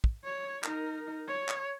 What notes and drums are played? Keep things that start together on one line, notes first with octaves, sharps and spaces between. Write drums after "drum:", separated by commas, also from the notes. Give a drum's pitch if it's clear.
drum: kick
C#5
D#4 A#4, drum: clap
C#5
drum: clap